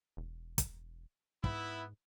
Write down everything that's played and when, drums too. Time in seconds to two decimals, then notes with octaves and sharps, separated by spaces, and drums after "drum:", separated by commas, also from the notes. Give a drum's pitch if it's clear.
0.17 E1
0.58 drum: kick, hi-hat
1.44 G#2 B3 E4, drum: kick